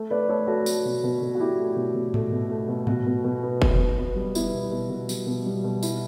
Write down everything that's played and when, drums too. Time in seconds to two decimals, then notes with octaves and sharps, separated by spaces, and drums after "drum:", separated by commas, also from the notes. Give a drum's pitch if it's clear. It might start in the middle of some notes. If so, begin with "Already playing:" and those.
Already playing: A3
0.10 A3 B4 D5
0.29 A3 A4 C#5
0.47 A3 F#4 A4
0.66 A3, drum: tambourine
0.85 B2
1.04 B2
1.22 B2
1.35 F#4
1.40 A3 E4 G4
1.59 A3
1.76 B2
1.95 B2
2.14 A3, drum: tom G#2
2.32 B2
2.50 A3
2.68 B2
2.87 B2 F#4, drum: tom G#2
3.06 B2
3.24 B2
3.43 B3
3.62 B2, drum: kick F1
3.79 B2
3.98 B3
4.16 G3
4.35 B3 E4, drum: tambourine
4.54 B2
4.71 B2
4.90 B2
5.09 G3, drum: tambourine
5.26 B2
5.46 G3
5.64 B2
5.83 E4, drum: tambourine